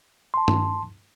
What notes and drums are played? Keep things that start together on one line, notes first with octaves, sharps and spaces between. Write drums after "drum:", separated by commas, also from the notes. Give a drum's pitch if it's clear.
A5 C6
drum: tom G2